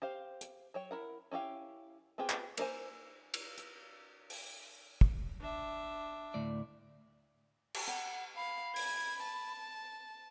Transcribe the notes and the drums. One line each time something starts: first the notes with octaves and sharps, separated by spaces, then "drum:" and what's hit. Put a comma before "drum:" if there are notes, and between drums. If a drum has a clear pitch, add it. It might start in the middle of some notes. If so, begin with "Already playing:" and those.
G4 C5 F5
drum: hi-hat
F#3 C#5 G5
E4 A#4 F#5
C#4 E4 G4 F5
B3 C4 F4 G4 G#4
drum: clap
A#3 D4 A#4 C5 G#5, drum: cymbal
drum: cymbal
drum: hi-hat
drum: open hi-hat
drum: kick
D4 E5
D2 A2 D5
drum: cymbal
F#5, drum: hi-hat
F5 B5
G#6, drum: open hi-hat
A5